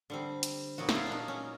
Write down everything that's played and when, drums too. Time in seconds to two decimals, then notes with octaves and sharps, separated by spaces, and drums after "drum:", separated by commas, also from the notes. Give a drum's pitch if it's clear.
0.10 D3 G3 C4
0.43 drum: hi-hat
0.78 A#2 F#3 B3 F#4
0.89 E4, drum: snare
0.95 F4
1.07 D4
1.12 D#4
1.28 C#4